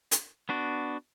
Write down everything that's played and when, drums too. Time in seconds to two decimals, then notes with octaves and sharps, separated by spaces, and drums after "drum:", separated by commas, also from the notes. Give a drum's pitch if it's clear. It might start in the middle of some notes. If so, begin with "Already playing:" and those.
0.11 drum: hi-hat
0.49 B3 D4 F#4